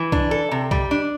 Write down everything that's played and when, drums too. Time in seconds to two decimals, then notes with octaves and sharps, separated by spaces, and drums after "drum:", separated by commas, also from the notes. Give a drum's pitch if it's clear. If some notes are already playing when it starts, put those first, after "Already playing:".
Already playing: E3
0.12 D4, drum: kick C2
0.31 A4
0.51 C3
0.71 G3, drum: kick C2
0.91 D4